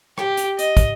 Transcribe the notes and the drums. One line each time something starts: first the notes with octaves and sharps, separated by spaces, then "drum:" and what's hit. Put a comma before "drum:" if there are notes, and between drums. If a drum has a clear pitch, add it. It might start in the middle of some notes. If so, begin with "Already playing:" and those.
G4, drum: rim click
drum: hi-hat
D#5, drum: hi-hat
drum: kick, hi-hat